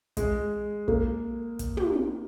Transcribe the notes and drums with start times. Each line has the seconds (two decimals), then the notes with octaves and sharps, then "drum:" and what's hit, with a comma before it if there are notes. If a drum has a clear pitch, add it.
0.17 G#3, drum: kick, hi-hat
0.88 A#3, drum: kick
1.59 drum: kick, hi-hat
1.77 drum: tom